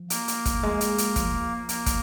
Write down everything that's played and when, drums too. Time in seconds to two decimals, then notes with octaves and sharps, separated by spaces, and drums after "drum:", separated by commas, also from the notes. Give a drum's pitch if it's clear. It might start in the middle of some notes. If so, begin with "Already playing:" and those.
Already playing: F3
0.10 A#3, drum: hi-hat
0.28 drum: hi-hat
0.45 drum: kick, hi-hat
0.63 G#3
0.81 drum: hi-hat
0.98 drum: hi-hat
1.16 F3, drum: kick, hi-hat
1.69 A#3, drum: hi-hat
1.86 drum: kick, hi-hat